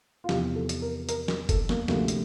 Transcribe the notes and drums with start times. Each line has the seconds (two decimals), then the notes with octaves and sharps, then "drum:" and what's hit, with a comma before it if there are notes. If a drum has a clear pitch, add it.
0.24 F4
0.29 E2 C3 F3 G4, drum: snare
0.56 A4
0.69 drum: hi-hat
0.82 A#4
1.09 A#4, drum: hi-hat
1.28 A#4, drum: snare
1.49 A4, drum: kick, hi-hat
1.69 A#3, drum: snare
1.88 D2 C3 F3 A#3, drum: snare
2.08 drum: hi-hat